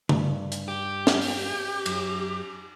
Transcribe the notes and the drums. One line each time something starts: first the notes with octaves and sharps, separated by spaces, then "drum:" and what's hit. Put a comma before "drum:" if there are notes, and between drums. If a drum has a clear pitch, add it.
G2, drum: tom
drum: hi-hat
G4
drum: snare
drum: open hi-hat
F#2, drum: cymbal